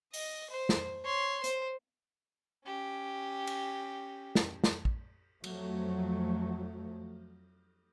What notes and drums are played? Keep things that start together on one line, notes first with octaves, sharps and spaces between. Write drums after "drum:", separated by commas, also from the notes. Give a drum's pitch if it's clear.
D#5, drum: open hi-hat
C5
drum: snare
C#5 C6
C5, drum: hi-hat
C#4 G4
drum: cymbal
drum: snare
drum: snare
drum: kick
F2 F3 F#3 A3, drum: cymbal